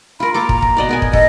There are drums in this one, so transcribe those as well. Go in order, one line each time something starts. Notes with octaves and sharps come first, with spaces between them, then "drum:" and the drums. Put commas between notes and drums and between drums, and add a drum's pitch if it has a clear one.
F4 A#4 B5
A#3 A4 A#5 D6
drum: kick
drum: kick
B2 D5 D#5
B3 A#4 G#5
drum: kick
A4 D#5, drum: kick